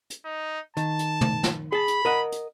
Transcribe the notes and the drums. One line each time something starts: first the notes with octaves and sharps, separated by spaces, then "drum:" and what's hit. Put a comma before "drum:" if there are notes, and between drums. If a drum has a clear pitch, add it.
drum: hi-hat
D#4
D#3 A5, drum: hi-hat
drum: hi-hat
drum: tom
drum: snare
G#4 A5 B5
drum: hi-hat
A#4 D#5 F#5
drum: hi-hat